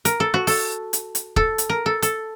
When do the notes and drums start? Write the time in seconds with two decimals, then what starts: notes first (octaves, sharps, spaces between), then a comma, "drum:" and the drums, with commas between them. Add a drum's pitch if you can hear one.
0.05 A#4, drum: hi-hat
0.20 A4
0.34 F#4
0.47 A4, drum: open hi-hat
0.93 drum: hi-hat
1.15 drum: hi-hat
1.36 A4, drum: kick F1
1.58 drum: hi-hat
1.69 A#4
1.86 A4
2.02 A4, drum: hi-hat